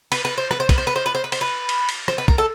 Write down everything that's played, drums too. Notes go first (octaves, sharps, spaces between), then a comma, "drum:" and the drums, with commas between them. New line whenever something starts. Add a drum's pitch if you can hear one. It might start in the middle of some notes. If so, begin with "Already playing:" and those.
B4, drum: cymbal
B4
C5
B4, drum: rim click
C5
B4, drum: kick, cymbal
C5
B4
C5
B4
C5
B4
C5, drum: cymbal
B4
drum: cymbal
drum: cymbal
C5, drum: rim click
B4
A#4, drum: kick
A4